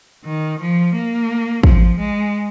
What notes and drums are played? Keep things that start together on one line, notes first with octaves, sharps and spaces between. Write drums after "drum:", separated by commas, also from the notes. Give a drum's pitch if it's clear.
D#3
F3
A#3
F3, drum: kick
G#3